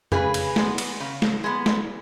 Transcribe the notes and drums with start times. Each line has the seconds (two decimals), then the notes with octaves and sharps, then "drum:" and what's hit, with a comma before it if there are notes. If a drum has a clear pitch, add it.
0.12 C#3 G#4 B4, drum: tom F2
0.34 drum: cymbal
0.56 G#3 B3, drum: snare
0.78 drum: cymbal
1.00 C#3
1.22 drum: snare
1.44 G#3 B3
1.66 drum: snare